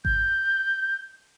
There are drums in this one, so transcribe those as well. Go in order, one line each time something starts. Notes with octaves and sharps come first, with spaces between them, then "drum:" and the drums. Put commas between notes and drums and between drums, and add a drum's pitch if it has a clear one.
G6, drum: kick G#1